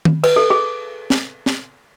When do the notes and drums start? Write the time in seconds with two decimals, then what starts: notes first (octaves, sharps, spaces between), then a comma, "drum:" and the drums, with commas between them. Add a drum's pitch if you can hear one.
0.05 drum: tom D#3
0.24 B4, drum: cymbal
0.36 A4
0.50 G#4
1.10 drum: snare
1.46 drum: snare